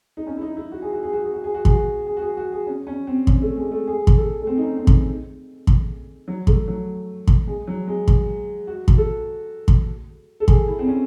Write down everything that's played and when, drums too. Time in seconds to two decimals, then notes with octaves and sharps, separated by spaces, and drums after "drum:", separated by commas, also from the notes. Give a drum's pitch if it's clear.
0.17 D#4
0.27 C#4
0.37 E4
0.42 D#4
0.57 E4
0.72 F#4
0.82 G#4
0.93 F#4
1.03 G#4
1.13 F#4
1.23 G#4
1.34 F#4
1.44 G#4
1.54 F#4
1.65 G#4, drum: kick
1.75 F#4
2.07 G#4
2.17 F#4
2.22 G#4
2.37 F#4
2.52 G#4
2.67 C#4
2.87 C#4
3.07 C4
3.27 C#4, drum: kick
3.42 A3
3.57 G#3
3.72 A3
3.87 G#4
4.07 drum: kick
4.17 A4
4.42 A3
4.47 C4
4.58 D#4
4.62 C#4
4.77 C4
4.87 drum: kick
5.67 drum: kick
6.28 F#3
6.47 A3, drum: kick
6.68 F#3
7.27 drum: kick
7.47 G#3
7.67 F#3
7.88 G#3
8.08 drum: kick
8.67 F#4
8.88 drum: kick
8.97 A4
9.68 drum: kick
10.40 A4
10.48 G#4, drum: kick
10.68 E4
10.79 C4
10.88 C#4